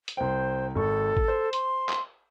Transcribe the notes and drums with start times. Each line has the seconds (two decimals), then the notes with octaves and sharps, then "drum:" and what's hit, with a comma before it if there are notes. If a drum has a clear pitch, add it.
0.08 drum: hi-hat
0.17 C2 C5 G5
0.75 G#1 A4 C#6
1.17 drum: kick G#1
1.28 C5
1.53 C6, drum: hi-hat
1.89 drum: clap